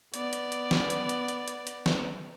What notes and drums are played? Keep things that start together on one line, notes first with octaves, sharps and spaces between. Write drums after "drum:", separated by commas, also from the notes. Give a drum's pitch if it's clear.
B3 D5, drum: hi-hat
drum: hi-hat
drum: hi-hat
drum: snare
drum: hi-hat
drum: hi-hat
drum: hi-hat
drum: hi-hat
drum: hi-hat
drum: snare